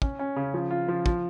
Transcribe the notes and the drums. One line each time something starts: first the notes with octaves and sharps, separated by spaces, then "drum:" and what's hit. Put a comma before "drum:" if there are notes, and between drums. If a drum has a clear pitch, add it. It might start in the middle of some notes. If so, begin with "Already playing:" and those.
C#4, drum: kick
C#4
C#3
F3
F4
F3
F3, drum: kick